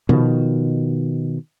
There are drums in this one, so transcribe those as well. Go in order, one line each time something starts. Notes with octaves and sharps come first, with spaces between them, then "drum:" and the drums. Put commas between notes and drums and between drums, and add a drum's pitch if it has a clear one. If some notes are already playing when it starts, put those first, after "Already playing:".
B2 D#3 F3, drum: tom B2